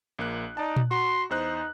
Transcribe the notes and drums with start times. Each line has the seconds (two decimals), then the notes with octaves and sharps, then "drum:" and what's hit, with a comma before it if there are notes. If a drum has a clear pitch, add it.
0.19 A#1 A#3 F#6
0.57 D#4 D5 A5
0.76 drum: tom A#2
0.91 F#4 C6
1.30 E2 D#4 C5 F#6